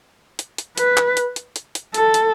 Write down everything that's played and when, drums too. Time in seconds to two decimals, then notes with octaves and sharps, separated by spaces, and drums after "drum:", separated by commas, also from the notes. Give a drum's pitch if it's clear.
0.39 drum: hi-hat
0.58 drum: hi-hat
0.78 B4, drum: hi-hat
0.97 drum: clap
1.17 drum: hi-hat
1.36 drum: hi-hat
1.56 drum: hi-hat
1.75 drum: hi-hat
1.94 A4, drum: hi-hat
2.14 drum: hi-hat